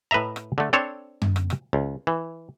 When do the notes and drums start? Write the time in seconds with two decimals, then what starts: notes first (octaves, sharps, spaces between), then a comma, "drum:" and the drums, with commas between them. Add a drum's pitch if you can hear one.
0.11 A2 B4 D#5 E5 A#5
0.36 drum: rim click
0.58 D3 A3
0.73 C4 D4 A4 C5 C#5
1.22 drum: tom F#2
1.36 drum: rim click
1.50 drum: rim click
1.73 C#2
2.07 E3